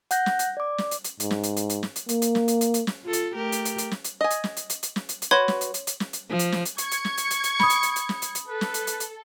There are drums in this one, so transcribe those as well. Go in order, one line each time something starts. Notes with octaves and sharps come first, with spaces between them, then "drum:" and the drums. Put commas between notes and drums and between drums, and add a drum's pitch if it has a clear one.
F#5 F#6 G6 A#6, drum: hi-hat
drum: snare
drum: hi-hat
D5 D6
drum: snare
drum: hi-hat
drum: hi-hat
G#2, drum: hi-hat
drum: snare
drum: hi-hat
drum: hi-hat
drum: hi-hat
drum: snare
drum: hi-hat
A#3, drum: hi-hat
drum: hi-hat
drum: snare
drum: hi-hat
drum: hi-hat
drum: hi-hat
drum: snare
F4 A4
drum: hi-hat
A3 G4 A#4
drum: hi-hat
drum: hi-hat
drum: hi-hat
drum: snare
drum: hi-hat
D#5 G#5
drum: hi-hat
drum: snare
drum: hi-hat
drum: hi-hat
drum: hi-hat
drum: snare
drum: hi-hat
drum: hi-hat
F#4 B4 C#5 C6 G#6
drum: snare
drum: hi-hat
drum: hi-hat
drum: hi-hat
drum: snare
drum: hi-hat
F3
drum: hi-hat
drum: snare
drum: hi-hat
C#6 G#6 C#7, drum: hi-hat
drum: hi-hat
drum: snare
drum: hi-hat
drum: hi-hat
drum: hi-hat
B5 D#6, drum: snare
drum: hi-hat
drum: hi-hat
drum: hi-hat
drum: snare
drum: hi-hat
drum: hi-hat
A4 B4
drum: snare
drum: hi-hat
drum: hi-hat
drum: hi-hat